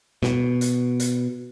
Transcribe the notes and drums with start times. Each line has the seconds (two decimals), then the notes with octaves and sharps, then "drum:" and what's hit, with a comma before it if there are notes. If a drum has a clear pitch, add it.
0.23 B2, drum: snare
0.61 drum: hi-hat
1.00 drum: hi-hat